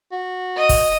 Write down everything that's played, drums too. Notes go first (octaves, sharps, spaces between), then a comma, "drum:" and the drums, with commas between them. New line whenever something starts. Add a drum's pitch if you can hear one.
F#4
D#5 D#6
drum: kick, open hi-hat